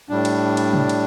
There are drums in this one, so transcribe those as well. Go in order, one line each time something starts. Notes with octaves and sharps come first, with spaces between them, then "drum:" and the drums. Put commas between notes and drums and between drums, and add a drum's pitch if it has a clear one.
A2 G3 D4
drum: cymbal
drum: cymbal
drum: tom
drum: cymbal